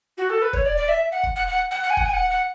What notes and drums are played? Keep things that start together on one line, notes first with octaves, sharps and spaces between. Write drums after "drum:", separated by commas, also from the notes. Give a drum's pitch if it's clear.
F#4
A4
B4
C#5, drum: kick
D5
D5
E5
F#5
drum: kick
F#5
F#5
F#5
F#5
G#5
F#5, drum: kick
G#5
F#5
F#5